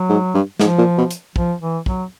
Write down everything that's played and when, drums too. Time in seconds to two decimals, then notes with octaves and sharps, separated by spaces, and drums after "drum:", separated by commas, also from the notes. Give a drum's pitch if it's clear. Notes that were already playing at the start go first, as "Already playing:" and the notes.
Already playing: F#3
0.09 G#2
0.34 G2
0.60 G#2 F3, drum: snare
0.78 A#2
0.98 B2
1.11 drum: hi-hat
1.36 F3, drum: kick
1.61 E3
1.86 F#3, drum: kick